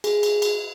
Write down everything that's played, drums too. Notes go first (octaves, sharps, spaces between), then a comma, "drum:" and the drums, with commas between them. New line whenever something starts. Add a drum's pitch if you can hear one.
G#4, drum: cymbal
drum: cymbal
drum: cymbal